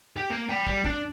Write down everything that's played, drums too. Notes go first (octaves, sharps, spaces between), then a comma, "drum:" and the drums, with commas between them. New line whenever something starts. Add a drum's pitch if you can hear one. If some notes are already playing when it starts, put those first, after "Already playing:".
G4
A#3
G5 B5
G3, drum: kick
D4, drum: kick